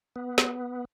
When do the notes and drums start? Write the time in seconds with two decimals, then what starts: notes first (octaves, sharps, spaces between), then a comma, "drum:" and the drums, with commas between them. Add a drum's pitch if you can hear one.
0.16 B3
0.38 drum: snare